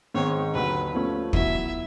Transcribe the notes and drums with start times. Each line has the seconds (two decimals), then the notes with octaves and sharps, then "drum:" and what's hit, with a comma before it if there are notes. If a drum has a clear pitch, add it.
0.14 G#2 D#3 G#3 C4 D#4 C#5
0.54 D#2 D3 F#3 B4
0.94 F3 A3 C#4
1.33 F#3 B3 E4 E5, drum: kick